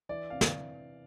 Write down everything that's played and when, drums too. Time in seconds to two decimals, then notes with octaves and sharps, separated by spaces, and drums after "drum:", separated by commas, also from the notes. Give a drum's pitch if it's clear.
0.09 E3 D5
0.30 C3 F5
0.41 drum: snare